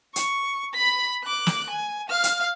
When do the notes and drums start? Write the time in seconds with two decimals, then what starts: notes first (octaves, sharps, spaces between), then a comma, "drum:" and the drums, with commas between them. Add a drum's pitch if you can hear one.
0.16 C#6, drum: hi-hat
0.74 B5 B6
1.24 D6 F#6
1.47 drum: snare
1.70 G#5
2.09 F5 F6
2.23 drum: hi-hat